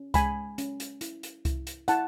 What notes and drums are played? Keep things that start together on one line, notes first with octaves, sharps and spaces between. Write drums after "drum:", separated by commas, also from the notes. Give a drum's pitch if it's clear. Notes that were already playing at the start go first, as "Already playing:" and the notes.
Already playing: C#4
G#3 G#5 B5, drum: kick C2, hi-hat
C#4, drum: hi-hat
drum: hi-hat
E4, drum: hi-hat
drum: hi-hat
E4, drum: kick C2, hi-hat
drum: hi-hat
E4 F#5 A5, drum: hi-hat